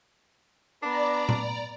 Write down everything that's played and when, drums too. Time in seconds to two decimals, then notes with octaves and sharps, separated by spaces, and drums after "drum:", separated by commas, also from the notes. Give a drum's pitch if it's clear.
0.83 B3 D4 D5 A#5
1.29 drum: tom A#2